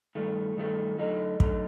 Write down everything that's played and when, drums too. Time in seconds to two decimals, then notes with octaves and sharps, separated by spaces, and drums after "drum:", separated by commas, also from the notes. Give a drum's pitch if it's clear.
0.15 G2 D#3 A3
0.57 G2 D#3 A3
0.98 F#2 D3 A3 D#4
1.40 F#2 D3 A3 D#4, drum: kick